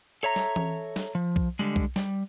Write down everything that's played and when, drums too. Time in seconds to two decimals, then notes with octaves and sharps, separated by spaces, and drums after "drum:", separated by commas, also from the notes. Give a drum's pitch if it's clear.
0.23 A4 C#5 E5 A#5
0.36 drum: snare
0.56 drum: tom E3
0.96 drum: snare
1.15 F3
1.36 drum: kick B1
1.59 D3 G3 G#3
1.76 drum: kick B1
1.96 G3, drum: snare